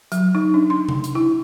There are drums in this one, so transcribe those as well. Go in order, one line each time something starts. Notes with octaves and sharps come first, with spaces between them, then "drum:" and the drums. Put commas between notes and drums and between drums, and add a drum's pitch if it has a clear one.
F#3, drum: hi-hat
D#4
D4
C6
drum: tom C3
drum: hi-hat
E4